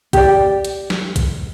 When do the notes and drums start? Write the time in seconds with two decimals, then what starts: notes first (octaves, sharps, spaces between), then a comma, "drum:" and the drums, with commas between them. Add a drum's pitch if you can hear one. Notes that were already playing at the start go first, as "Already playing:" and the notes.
0.13 G4 D5, drum: kick, hi-hat
0.65 drum: hi-hat
0.90 drum: snare
1.16 drum: kick, hi-hat